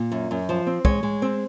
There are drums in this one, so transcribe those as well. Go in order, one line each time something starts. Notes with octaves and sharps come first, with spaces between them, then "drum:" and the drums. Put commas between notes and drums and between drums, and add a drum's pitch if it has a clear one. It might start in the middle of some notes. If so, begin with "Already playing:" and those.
Already playing: A#2
F#2
F#2
F3 C5
C4
G#3 C#5, drum: kick
G#3
C4